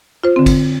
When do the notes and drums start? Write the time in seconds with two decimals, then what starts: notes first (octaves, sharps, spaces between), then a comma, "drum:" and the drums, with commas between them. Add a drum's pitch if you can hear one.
0.24 F4 C5
0.36 D3 C4
0.46 drum: kick, cymbal